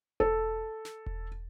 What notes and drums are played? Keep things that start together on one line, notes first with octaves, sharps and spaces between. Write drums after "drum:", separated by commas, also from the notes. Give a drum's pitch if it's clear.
A4, drum: kick E1
drum: snare
drum: kick E1